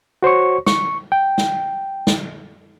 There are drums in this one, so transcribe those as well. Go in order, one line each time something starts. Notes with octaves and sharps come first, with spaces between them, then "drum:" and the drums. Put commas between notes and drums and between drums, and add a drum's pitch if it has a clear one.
F#4 C5 C#5 C#6
C#6, drum: snare
G5
drum: snare
drum: snare